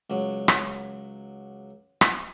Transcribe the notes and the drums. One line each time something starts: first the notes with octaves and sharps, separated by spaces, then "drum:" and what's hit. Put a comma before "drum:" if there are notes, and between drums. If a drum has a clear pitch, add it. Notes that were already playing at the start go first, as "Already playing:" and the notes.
C#2 F#3
drum: rim click
drum: rim click